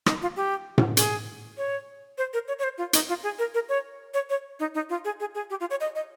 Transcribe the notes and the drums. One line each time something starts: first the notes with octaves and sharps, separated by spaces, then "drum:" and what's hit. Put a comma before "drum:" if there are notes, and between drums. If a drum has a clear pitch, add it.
D#4, drum: rim click
F4
G4
drum: tom A2
G#4, drum: hi-hat
C#5
C5
A#4
C#5
C#5
C5
F4
D#4, drum: hi-hat
F4
G#4
A#4
A#4
C#5
C#5
C#5
D#4
D#4
F4
G#4
G#4
G#4
G4
F4
C#5
D#5
D#5